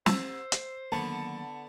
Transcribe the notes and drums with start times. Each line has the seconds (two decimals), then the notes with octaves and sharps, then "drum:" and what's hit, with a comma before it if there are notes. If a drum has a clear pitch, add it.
0.06 C5 E6, drum: snare
0.52 drum: hi-hat
0.92 D3 D#3 F#3 A#3 B3 A5 C#6